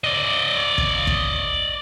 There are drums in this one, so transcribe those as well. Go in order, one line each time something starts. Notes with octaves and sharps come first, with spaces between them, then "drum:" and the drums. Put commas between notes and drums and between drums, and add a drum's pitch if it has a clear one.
D5 D#5
drum: kick
drum: kick